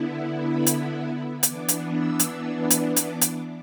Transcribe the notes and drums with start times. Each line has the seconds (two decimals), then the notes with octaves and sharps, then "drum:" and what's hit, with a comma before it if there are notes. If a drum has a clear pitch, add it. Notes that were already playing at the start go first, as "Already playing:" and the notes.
Already playing: D3 B3 E4
0.41 B5
0.66 drum: hi-hat
1.43 E3 B3 D4 D6, drum: hi-hat
1.68 drum: hi-hat
1.94 E6
2.19 drum: hi-hat
2.70 drum: hi-hat
2.96 D6, drum: hi-hat
3.21 drum: hi-hat